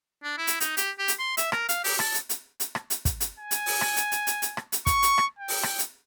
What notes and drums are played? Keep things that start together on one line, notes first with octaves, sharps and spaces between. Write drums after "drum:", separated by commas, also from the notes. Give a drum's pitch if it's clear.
D4
E4
drum: hi-hat
D#4, drum: hi-hat
G4, drum: hi-hat
G4
drum: hi-hat
C6
E5, drum: hi-hat
A#4, drum: rim click
F5, drum: hi-hat
G4, drum: open hi-hat
A5, drum: rim click
drum: hi-hat
drum: hi-hat
drum: hi-hat
drum: rim click
drum: hi-hat
drum: kick, hi-hat
drum: hi-hat
G#5
drum: hi-hat
drum: open hi-hat
drum: rim click
drum: hi-hat
drum: hi-hat
drum: hi-hat
drum: hi-hat
drum: rim click
drum: hi-hat
C#6, drum: kick, hi-hat
drum: hi-hat
drum: rim click
G5
drum: open hi-hat
drum: rim click
drum: hi-hat